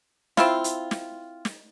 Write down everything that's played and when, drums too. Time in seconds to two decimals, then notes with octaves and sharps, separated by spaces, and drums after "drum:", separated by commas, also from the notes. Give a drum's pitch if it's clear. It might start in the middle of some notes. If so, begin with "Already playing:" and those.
0.37 C4 E4 F4, drum: snare
0.64 drum: hi-hat
0.91 drum: snare
1.45 drum: snare